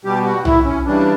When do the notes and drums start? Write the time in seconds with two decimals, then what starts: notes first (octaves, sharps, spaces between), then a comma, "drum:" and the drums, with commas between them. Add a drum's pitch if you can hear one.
0.05 B2 G3 G4
0.25 F#4
0.45 E4, drum: tom
0.65 C#4
0.85 C#3 E3 G3 D4